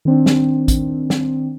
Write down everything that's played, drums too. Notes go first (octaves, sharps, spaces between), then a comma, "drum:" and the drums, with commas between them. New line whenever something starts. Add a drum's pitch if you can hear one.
D#3 C4 D4
drum: snare
drum: kick, hi-hat
drum: snare